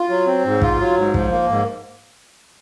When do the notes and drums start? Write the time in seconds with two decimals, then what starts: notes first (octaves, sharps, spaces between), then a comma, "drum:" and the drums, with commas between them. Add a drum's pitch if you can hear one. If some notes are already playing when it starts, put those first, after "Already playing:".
Already playing: F4
0.09 F#3
0.27 C4
0.45 G#2
0.62 F4, drum: kick
0.79 F#3
0.97 G#2
1.14 F3, drum: kick
1.32 A#3
1.49 G#2